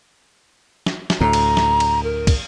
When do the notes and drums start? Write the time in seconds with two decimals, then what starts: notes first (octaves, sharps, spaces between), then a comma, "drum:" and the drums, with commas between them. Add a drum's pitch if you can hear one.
0.86 drum: snare
1.10 drum: snare
1.21 D2 A2 A#5
1.33 drum: cymbal
1.57 drum: snare
1.80 drum: cymbal
2.04 A#4
2.27 drum: kick, cymbal